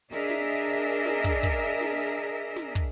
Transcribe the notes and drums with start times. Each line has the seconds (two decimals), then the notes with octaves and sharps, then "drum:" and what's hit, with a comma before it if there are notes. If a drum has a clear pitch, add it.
0.11 D4 G#4 A#4 D#5 E5
0.30 drum: snare
1.05 drum: snare
1.24 drum: kick
1.43 drum: kick
1.81 drum: snare
2.56 drum: snare
2.75 drum: kick